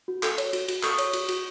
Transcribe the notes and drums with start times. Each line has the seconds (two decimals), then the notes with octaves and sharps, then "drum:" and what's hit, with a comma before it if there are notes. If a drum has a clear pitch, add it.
0.08 F#4
0.23 A4, drum: clap
0.38 C#5, drum: cymbal
0.53 F#4, drum: cymbal
0.68 F#4, drum: cymbal
0.83 A4 C#6 D#6, drum: clap
0.98 C#5, drum: cymbal
1.13 F#4, drum: cymbal
1.28 F#4, drum: cymbal